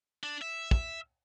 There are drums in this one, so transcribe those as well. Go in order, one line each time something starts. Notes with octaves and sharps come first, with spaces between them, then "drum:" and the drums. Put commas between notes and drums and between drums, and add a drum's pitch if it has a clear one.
D4
E5
drum: kick